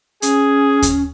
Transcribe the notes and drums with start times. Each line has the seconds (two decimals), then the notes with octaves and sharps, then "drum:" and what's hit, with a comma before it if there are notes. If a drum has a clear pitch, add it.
0.22 C#4 G#4, drum: hi-hat
0.82 drum: kick D#2, hi-hat